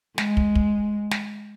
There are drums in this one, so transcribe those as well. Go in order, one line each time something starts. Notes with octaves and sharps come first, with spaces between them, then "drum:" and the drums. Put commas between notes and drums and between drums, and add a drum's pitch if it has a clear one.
G#3, drum: snare
drum: kick
drum: kick
drum: snare